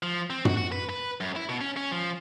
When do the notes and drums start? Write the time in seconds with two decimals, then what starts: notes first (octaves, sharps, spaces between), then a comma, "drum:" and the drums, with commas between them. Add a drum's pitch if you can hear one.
0.03 F3
0.30 C4
0.45 F#4, drum: tom
0.57 F#4
0.72 B4
0.89 B4
1.20 F#2
1.36 E4
1.49 B2
1.61 C#4
1.77 C#4
1.92 F3